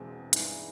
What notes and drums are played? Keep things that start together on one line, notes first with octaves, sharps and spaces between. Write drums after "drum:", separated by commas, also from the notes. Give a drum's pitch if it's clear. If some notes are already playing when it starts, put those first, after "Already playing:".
Already playing: E1 E2 B2 G#3 C4
G2 E3 G#3 B3 D#4, drum: hi-hat